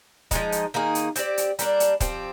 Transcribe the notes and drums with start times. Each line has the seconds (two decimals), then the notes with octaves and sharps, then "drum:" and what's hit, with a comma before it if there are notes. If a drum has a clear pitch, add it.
0.31 F3 G#3 D#4, drum: kick, hi-hat
0.52 drum: hi-hat
0.74 D#3 A#3 D#4 G#4
0.95 drum: hi-hat
1.16 C4 G4 D5, drum: hi-hat
1.37 drum: hi-hat
1.59 G3 A#3 D4, drum: hi-hat
1.80 drum: hi-hat
2.00 F3 C4 G4, drum: kick, hi-hat